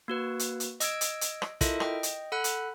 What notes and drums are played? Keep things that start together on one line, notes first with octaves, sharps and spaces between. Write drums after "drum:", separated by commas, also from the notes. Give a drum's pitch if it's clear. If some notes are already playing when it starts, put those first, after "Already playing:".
A#3 F#4 B4
drum: hi-hat
drum: hi-hat
D#5 E6 G#6 D7, drum: hi-hat
drum: hi-hat
drum: hi-hat
drum: rim click
E4 F4 A4 A#4 D#5 E5, drum: kick, hi-hat
D#5 G5, drum: rim click
drum: hi-hat
A4 F#5 B5 F#6
drum: hi-hat